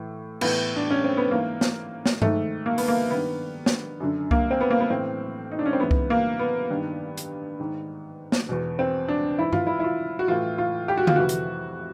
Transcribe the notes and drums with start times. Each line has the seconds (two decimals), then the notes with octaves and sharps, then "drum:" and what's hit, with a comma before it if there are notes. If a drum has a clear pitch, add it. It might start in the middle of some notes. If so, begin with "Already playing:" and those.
Already playing: A2 E3
0.41 A2 E3 B3, drum: cymbal
0.76 D4
0.90 C#4
1.04 C4
1.17 B3
1.31 G#2 E3 A#3
1.61 drum: snare
2.06 drum: snare
2.22 G#2 D#3 A3, drum: tom G2
2.66 A#3
2.78 B3, drum: open hi-hat
2.88 A#3
3.10 G2 D#3 B3
3.66 drum: snare
4.00 F#2 D3
4.31 A#3, drum: kick C2
4.51 C4
4.61 B3
4.70 A#3
4.80 B3
4.90 A2 E3 C4
5.52 D#4
5.59 D4
5.66 C#4
5.73 C4
5.80 G#2 E3 B3
5.91 drum: kick C2
6.10 A#3
6.39 B3
6.70 G2 D#3
7.17 drum: hi-hat
7.60 G#2 D#3
8.32 drum: snare
8.49 E2 B2
8.79 C4
9.08 D4
9.39 G#2 E3 E4
9.53 F4, drum: tom G2
9.67 E4
9.80 E4
9.84 F4
10.19 F#4
10.28 A2 E3 F4
10.58 F4
10.88 G4
10.97 F#4
11.07 F4, drum: tom D3
11.16 F2 C3 E3 F#4
11.29 drum: hi-hat